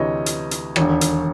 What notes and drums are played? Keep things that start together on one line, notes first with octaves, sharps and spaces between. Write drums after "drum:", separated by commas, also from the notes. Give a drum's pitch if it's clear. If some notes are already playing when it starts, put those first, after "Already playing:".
Already playing: D2 C3 E3 C#5 D#5
drum: hi-hat
drum: hi-hat
E1 D#2 D3, drum: rim click
drum: hi-hat